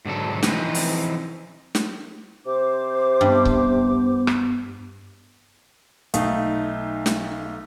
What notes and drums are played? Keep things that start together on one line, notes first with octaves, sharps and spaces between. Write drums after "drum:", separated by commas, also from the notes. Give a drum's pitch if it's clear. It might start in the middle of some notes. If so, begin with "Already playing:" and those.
G#2 D3 F#3 A4
E3 F3 C4 D#4 B4, drum: snare
drum: open hi-hat
drum: snare
C3 C5 D6
G2 B3
drum: kick C#1
drum: rim click
B1 A3 D#4 F5 D#6, drum: hi-hat
drum: snare